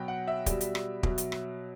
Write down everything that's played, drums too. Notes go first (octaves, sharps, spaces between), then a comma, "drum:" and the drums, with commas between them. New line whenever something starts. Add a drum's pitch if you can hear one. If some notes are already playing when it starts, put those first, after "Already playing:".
Already playing: B2 F#3 G5
F#5
E5
B2 G3, drum: kick, hi-hat
drum: hi-hat
drum: rim click
B2 F#3, drum: kick
drum: hi-hat
drum: rim click